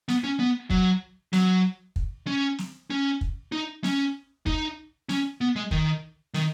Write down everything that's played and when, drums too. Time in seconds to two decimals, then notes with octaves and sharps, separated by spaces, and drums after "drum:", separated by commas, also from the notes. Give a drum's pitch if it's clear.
0.09 B3, drum: snare
0.24 C#4
0.39 B3
0.70 F#3, drum: kick
1.33 F#3, drum: snare
1.96 drum: kick
2.27 C#4
2.58 drum: snare
2.90 C#4
3.21 drum: kick
3.52 D#4
3.84 C#4, drum: snare
4.46 D#4, drum: kick
5.09 C#4, drum: snare
5.41 B3
5.56 G#3
5.71 D#3, drum: kick
6.34 D#3, drum: snare